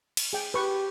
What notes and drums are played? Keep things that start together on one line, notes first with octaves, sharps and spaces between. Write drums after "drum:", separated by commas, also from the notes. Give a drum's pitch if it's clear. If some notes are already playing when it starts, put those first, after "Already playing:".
drum: cymbal
G#4 G5
G4 B4 C#6